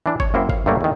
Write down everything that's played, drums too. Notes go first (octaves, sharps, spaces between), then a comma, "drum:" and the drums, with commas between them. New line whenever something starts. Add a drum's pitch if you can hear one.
E3 D4
C#5, drum: kick G1
F#2 A#3 C4 E4 C5
F5, drum: kick G1
G2 F#3 A3 A#3
E2 D#3